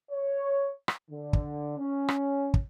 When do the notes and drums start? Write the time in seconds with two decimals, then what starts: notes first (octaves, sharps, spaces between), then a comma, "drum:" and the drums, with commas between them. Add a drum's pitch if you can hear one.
0.11 C#5
0.88 drum: rim click
1.10 D3
1.33 drum: kick
1.78 C#4
2.08 drum: rim click
2.54 drum: kick